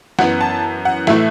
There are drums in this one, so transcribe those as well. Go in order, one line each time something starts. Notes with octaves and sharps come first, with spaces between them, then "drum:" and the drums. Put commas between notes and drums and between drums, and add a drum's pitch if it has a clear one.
F#2 E3 B3 F#5, drum: snare
A5
F#5
A2 E3 A3 E5, drum: snare